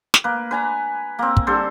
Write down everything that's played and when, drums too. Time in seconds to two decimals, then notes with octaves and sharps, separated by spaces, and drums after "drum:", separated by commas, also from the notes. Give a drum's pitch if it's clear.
0.14 drum: snare
0.24 A#3 B4
0.51 B4 G#5 A#5
1.19 A#3 C4
1.37 drum: kick
1.47 D3 G3 A4 C5